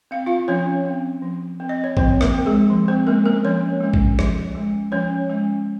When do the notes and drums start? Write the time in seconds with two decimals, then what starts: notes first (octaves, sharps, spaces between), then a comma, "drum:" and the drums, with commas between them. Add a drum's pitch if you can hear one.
0.11 C4 F5
0.26 F4 F5
0.48 F3 C#4 C#5
0.85 C4
1.22 F3
1.60 C4
1.69 D#5
1.84 C#5
1.97 F3 C4 C5, drum: kick
2.21 A#3 A#4, drum: rim click
2.34 C4
2.46 G#3 G#4
2.70 F3
2.88 C4 C5
3.07 G#3 A#3 C#4 A#4
3.25 A#3 A#4
3.44 F3 C#4 C#5
3.81 G#3 C#4
3.94 drum: kick
4.19 F3, drum: rim click
4.55 G#3 C#4
4.92 F3 C#4 C#5
5.29 G#3 C#4